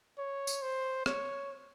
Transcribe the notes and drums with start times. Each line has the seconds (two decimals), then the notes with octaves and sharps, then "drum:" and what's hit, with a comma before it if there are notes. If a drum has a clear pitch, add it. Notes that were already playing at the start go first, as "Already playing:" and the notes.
0.18 C#5
0.47 drum: tambourine
0.62 C5
1.06 C#5, drum: rim click